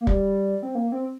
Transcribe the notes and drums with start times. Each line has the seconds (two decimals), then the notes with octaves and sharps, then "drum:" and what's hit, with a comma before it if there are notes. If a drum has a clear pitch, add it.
0.01 A#3
0.07 G3, drum: kick
0.63 C4
0.75 A#3
0.92 C4